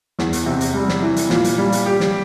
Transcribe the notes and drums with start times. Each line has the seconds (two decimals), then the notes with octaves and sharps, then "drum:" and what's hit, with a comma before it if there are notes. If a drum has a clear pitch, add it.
0.19 E2, drum: snare
0.33 drum: hi-hat
0.46 C3
0.61 drum: hi-hat
0.74 G3
0.89 drum: snare
1.02 E3
1.17 drum: hi-hat
1.30 A#2, drum: snare
1.44 drum: hi-hat
1.58 G3
1.72 drum: hi-hat
1.86 G4
2.00 drum: snare